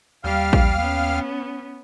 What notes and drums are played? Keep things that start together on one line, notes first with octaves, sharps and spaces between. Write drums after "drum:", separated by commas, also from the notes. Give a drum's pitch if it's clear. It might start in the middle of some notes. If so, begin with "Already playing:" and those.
D#2 G3 F5 G5 F6
drum: kick A#1
B3 C#4